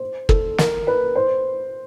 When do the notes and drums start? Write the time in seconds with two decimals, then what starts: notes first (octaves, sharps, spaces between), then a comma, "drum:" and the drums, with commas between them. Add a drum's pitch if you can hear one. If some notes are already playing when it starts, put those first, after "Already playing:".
Already playing: C5
0.29 A4, drum: kick
0.58 A#4, drum: snare
0.87 B4
1.15 C5